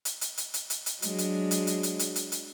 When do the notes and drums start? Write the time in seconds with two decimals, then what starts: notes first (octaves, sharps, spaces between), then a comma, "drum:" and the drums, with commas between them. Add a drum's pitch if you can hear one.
0.05 drum: hi-hat
0.21 drum: hi-hat
0.37 drum: hi-hat
0.54 drum: hi-hat
0.70 drum: hi-hat
0.86 drum: hi-hat
1.02 F#3 G#3 D4, drum: hi-hat
1.18 drum: hi-hat
1.51 drum: hi-hat
1.67 drum: hi-hat
1.83 drum: hi-hat
1.99 drum: hi-hat
2.16 drum: hi-hat
2.32 drum: hi-hat